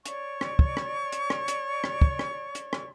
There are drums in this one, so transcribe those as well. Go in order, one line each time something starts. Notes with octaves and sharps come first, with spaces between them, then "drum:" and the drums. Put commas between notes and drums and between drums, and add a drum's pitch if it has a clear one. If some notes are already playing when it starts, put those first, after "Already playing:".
C#5 D5 C#6, drum: hi-hat
drum: rim click
drum: kick
drum: rim click
drum: hi-hat
drum: rim click
drum: hi-hat
drum: rim click
drum: kick
drum: rim click
drum: hi-hat
drum: rim click